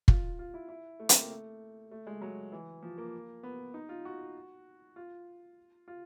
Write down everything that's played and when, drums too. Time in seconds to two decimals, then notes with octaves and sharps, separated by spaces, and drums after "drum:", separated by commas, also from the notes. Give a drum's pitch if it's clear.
0.08 F4, drum: kick
0.39 F4
0.54 E4
0.69 E4
1.00 A3
1.09 C4, drum: hi-hat
1.20 A#3
1.30 A3
1.91 A3
2.07 G#3
2.22 F#3
2.52 E3
2.83 F3
2.98 A#3
3.43 B3
3.74 D#4
3.89 F4
4.05 F#4
4.96 F4
5.88 F4